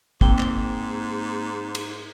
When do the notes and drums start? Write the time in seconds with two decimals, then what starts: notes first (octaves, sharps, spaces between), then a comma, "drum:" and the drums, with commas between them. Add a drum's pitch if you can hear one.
0.21 G#2 A#3 C4 G5, drum: kick
0.39 drum: clap
1.75 drum: cymbal